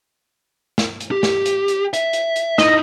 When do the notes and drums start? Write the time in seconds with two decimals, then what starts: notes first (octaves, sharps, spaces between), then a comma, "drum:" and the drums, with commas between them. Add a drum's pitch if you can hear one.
0.78 drum: snare
1.00 drum: hi-hat
1.11 G4
1.23 drum: snare
1.46 drum: hi-hat
1.68 drum: hi-hat
1.93 E5, drum: hi-hat
2.13 drum: hi-hat
2.36 drum: hi-hat
2.58 D#4 E4 D#5, drum: snare